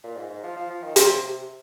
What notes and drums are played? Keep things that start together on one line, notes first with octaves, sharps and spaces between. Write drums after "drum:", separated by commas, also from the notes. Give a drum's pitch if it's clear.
A#2
G#2
G#2
F3
F3
F3
D#3
C#3, drum: hi-hat
C3